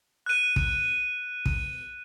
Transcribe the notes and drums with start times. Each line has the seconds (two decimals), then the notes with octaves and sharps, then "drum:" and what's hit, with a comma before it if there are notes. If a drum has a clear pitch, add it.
0.26 F#6 D#7
0.56 drum: kick
1.46 drum: kick